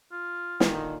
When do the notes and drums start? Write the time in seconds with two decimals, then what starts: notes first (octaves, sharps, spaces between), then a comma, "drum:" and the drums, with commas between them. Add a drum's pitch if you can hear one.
0.12 F4
0.60 A#2 D3 D#3, drum: snare